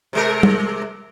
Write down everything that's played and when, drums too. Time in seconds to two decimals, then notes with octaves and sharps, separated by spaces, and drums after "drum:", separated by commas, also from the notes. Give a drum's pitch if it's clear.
0.13 C3 G#3 A#4
0.43 drum: tom